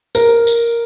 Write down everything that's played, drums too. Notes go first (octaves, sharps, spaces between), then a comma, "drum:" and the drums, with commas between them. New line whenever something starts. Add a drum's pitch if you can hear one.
A#4, drum: tambourine
drum: tambourine